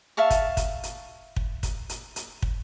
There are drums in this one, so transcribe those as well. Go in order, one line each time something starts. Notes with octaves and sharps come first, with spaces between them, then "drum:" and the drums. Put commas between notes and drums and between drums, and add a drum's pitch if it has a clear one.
E5 F5 A5 C#6
drum: kick, hi-hat
drum: kick, hi-hat
drum: hi-hat
drum: kick
drum: kick, hi-hat
drum: hi-hat
drum: hi-hat
drum: kick